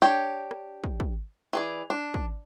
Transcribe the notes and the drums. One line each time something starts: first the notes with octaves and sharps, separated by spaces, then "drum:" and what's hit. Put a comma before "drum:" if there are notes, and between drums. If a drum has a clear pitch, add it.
D4 G4 C#5 G5
drum: rim click
drum: kick
drum: kick
E3 G#4 D5
D4
drum: kick